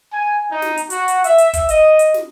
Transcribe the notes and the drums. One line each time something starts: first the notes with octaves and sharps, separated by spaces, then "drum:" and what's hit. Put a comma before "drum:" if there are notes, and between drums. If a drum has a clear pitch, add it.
G#5
D#4
drum: snare
drum: hi-hat
F#4, drum: hi-hat
drum: hi-hat
E5, drum: hi-hat
drum: hi-hat
drum: kick, hi-hat
D#5, drum: hi-hat
drum: hi-hat
drum: snare